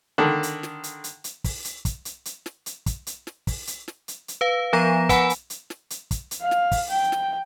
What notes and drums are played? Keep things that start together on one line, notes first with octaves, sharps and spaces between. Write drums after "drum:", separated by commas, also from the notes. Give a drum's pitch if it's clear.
D3 D#3
drum: hi-hat
drum: snare
drum: hi-hat
drum: hi-hat
drum: hi-hat
drum: kick, open hi-hat
drum: hi-hat
drum: kick, hi-hat
drum: hi-hat
drum: hi-hat
drum: snare
drum: hi-hat
drum: kick, hi-hat
drum: hi-hat
drum: snare
drum: kick, open hi-hat
drum: hi-hat
drum: snare
drum: hi-hat
drum: hi-hat
B4 F5
F3 B3 A#5 A#6 E7
B4 F#5 G#5 B5, drum: kick, hi-hat
drum: hi-hat
drum: hi-hat
drum: snare
drum: hi-hat
drum: kick, hi-hat
drum: hi-hat
F5
drum: snare
drum: kick, open hi-hat
G5
drum: snare